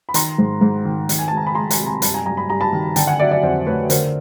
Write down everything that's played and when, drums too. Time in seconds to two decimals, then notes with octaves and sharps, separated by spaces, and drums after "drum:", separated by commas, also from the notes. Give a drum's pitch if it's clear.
0.09 B5
0.14 D#3 A#5 C6, drum: hi-hat
0.38 G#2
0.61 G#2
0.85 D#3
1.09 D#3, drum: hi-hat
1.18 G#5
1.28 G#3 A5
1.37 A#5
1.47 B5
1.55 G#3 A#5 C6
1.70 G#5 A#5, drum: hi-hat
1.80 C3
1.86 G#5 A#5
2.02 G2 A5 B5, drum: hi-hat
2.14 G#5 A#5
2.25 G2 G#5 A#5
2.37 B5
2.50 G2 A#5
2.61 A5 B5
2.73 D#3
2.96 D3 G5 A5, drum: hi-hat
3.07 F#5 G#5
3.19 F#3 D5 E5
3.31 D5 E5
3.43 F2 C5 D5
3.66 A3 B4 C#5
3.90 D3 A#4 C5, drum: hi-hat